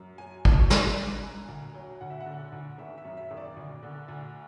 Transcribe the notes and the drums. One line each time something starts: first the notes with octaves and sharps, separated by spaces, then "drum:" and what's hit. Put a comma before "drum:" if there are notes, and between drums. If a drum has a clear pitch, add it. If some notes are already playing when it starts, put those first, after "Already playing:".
Already playing: F#2
F#3 G#5
F#2 A5, drum: kick
C#6
C#3 B5, drum: snare
D4 F#6
E1 G#5
D2
F#3
D2 F#5
E5
F#5
D3
D2
G#1 E5
E5
F#2
E5
G#1 E5
D5
D2
D3
D2